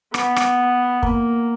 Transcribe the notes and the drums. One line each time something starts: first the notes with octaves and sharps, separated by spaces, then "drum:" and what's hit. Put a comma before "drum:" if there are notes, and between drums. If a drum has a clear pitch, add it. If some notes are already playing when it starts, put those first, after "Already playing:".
B3, drum: rim click
drum: rim click
A#3, drum: kick